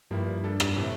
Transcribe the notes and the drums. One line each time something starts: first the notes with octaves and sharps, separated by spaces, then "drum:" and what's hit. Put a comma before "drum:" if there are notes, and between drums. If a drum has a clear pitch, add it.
G2 F3 A#3 E4
G3 D4 A4
drum: rim click
A2 C3 E3 A3